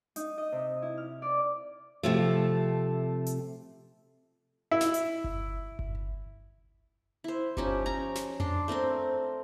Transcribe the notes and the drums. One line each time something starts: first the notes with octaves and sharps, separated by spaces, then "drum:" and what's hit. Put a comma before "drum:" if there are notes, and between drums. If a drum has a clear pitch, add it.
D#4, drum: hi-hat
D#5
C3
E4
F6
D5
C3 F3 A3
drum: hi-hat
E4
drum: snare
drum: hi-hat
drum: kick G1
drum: kick G1
E4 C5
F3 C#4 D#4 G4, drum: kick G1
C#4 A#5
drum: snare
D4 C6, drum: tom F2
A3 C4 A#4 C6